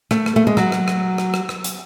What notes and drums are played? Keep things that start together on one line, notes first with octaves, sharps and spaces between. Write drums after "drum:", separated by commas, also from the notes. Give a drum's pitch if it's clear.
A3, drum: rim click
drum: rim click
A3
G#3
F#3, drum: rim click
drum: rim click
drum: rim click
drum: rim click
drum: rim click
drum: rim click
drum: hi-hat